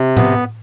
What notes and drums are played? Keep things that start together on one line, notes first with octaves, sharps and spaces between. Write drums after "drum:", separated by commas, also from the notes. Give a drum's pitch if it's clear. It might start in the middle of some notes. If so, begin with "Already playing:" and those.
Already playing: C3
B3, drum: tom A2